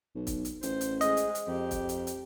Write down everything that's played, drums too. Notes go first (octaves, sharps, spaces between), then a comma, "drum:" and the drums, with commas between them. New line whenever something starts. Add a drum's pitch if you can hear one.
B1
drum: kick, hi-hat
drum: hi-hat
A1 C5, drum: hi-hat
drum: hi-hat
G#3 D#5, drum: hi-hat
drum: hi-hat
drum: hi-hat
F2 G4
drum: kick, hi-hat
drum: hi-hat
drum: hi-hat